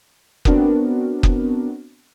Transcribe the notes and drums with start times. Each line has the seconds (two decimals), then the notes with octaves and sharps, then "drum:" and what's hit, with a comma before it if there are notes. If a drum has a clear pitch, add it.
0.45 B3 C4 D4 F#4 A#4, drum: kick
1.23 drum: kick